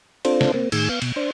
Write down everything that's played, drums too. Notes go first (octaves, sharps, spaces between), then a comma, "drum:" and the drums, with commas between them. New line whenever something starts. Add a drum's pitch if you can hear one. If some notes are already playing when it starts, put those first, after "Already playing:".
C4 D4 F4 A4 C5, drum: cymbal
drum: snare
A#3 C4
A2 D#3 G#4 G#5 E6, drum: cymbal
B3 F5
B2, drum: cymbal
D4 C5